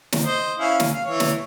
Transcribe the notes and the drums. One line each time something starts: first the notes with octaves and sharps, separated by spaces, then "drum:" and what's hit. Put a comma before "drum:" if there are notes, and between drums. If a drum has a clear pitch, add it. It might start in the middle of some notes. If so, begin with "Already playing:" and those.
drum: snare
C5 D#5
C#4 E4 F5
drum: snare
F5
E3 C#5
drum: snare